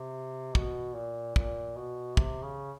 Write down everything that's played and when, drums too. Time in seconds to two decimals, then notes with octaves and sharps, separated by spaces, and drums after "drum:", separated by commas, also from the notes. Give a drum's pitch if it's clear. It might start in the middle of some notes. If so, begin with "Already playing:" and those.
Already playing: C3
0.55 B2, drum: kick
0.94 A#2
1.36 A#2, drum: kick
1.77 B2
2.17 C3, drum: kick
2.43 C#3